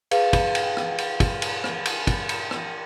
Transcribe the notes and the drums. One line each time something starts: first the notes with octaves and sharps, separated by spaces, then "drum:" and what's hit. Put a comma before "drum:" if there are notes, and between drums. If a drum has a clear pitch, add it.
G#4 B4 F5, drum: cymbal
drum: kick, cymbal
drum: cymbal
drum: rim click
drum: cymbal
drum: kick, cymbal
drum: cymbal
drum: rim click
drum: cymbal
drum: kick, cymbal
drum: cymbal
drum: rim click